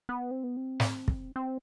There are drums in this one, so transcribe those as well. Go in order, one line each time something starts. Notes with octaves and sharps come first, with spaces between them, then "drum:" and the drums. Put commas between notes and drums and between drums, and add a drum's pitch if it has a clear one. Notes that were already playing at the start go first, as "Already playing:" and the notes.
B3
C4
B3
C4
drum: snare
drum: kick
C4